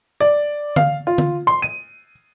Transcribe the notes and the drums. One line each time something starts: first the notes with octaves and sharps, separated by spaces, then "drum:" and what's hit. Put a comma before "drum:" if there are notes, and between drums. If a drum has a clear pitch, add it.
D5
F5, drum: tom D3
F4
drum: tom D3
C6
D#7